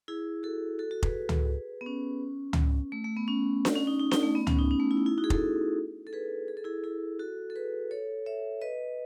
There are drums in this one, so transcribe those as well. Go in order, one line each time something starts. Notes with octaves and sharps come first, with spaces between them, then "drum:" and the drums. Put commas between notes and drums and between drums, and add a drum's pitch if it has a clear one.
E4 G#4
F#4 A4
F#4 A4
F#4 A4
G#4 B4, drum: kick F1
drum: tom C#2
B3
C#4
drum: tom C#2
A3
A3
B3
C#4
drum: snare D4
C#4
D#4
D#4
D#4, drum: snare D4
A3
B3
C#4, drum: tom C#2
D#4
C#4
A3
E4
D#4
E4
D#4 F#4
G#4
F#4 A4, drum: kick F1
A4
G#4 B4
G#4
A4
E4 G#4
E4 G#4
F#4 A4
A4
G#4 B4
A4 C#5
C#5 E5
B4 D#5